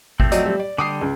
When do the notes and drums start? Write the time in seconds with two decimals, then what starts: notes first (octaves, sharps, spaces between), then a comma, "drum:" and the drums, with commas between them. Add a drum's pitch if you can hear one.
0.20 F3 A3 C4, drum: kick G#1
0.32 F#3 D5 D#5, drum: hi-hat
0.46 G3
0.59 D5
0.78 D3 G3 D6 D#6 C7
1.01 C#2